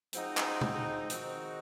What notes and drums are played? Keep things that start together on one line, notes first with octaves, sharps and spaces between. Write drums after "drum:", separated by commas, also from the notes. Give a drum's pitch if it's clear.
F3 G#3 C4 D#4 F#4, drum: hi-hat
drum: clap
drum: tom
D#3 G#3 C4 D#4 F#4, drum: hi-hat